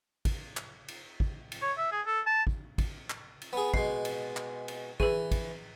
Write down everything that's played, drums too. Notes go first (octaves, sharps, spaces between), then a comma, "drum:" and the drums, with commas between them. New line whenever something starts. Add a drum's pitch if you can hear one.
drum: kick, cymbal
drum: clap
drum: cymbal
drum: kick
drum: cymbal
C#5
E5
G#4
A4
A5
drum: kick
drum: kick, cymbal
drum: clap
drum: cymbal
B3 G#4
B2 G#3 C7, drum: kick
drum: cymbal
drum: clap
drum: cymbal
E3 G#4 B4, drum: kick
drum: kick, cymbal